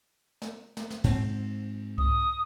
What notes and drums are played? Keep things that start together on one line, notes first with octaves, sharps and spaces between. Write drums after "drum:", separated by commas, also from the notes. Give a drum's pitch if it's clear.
drum: snare
drum: snare
drum: snare
G#2 C4, drum: cymbal
D#6, drum: kick C2